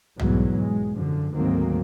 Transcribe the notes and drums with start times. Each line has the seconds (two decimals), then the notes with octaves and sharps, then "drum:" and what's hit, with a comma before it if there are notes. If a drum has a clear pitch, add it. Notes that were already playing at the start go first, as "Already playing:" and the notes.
0.19 E2 G#2 B2 F#3 G3, drum: tom
0.58 G#3
0.94 F#2 D3 F3
1.33 D2 G#2 D#3 F#3 A#3 C4